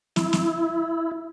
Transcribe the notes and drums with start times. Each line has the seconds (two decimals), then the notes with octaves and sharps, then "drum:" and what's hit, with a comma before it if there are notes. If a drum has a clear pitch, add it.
0.16 E4, drum: snare
0.33 drum: snare